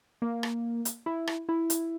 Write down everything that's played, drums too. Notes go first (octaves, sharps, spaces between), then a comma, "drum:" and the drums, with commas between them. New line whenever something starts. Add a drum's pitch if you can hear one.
A#3
drum: rim click
drum: hi-hat
E4
drum: rim click
E4
drum: hi-hat